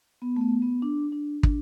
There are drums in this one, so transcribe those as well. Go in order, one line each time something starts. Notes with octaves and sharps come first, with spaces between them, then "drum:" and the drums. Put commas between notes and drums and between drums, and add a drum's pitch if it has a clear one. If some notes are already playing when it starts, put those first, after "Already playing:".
B3
A3
B3
B3
D4
D4
D4, drum: kick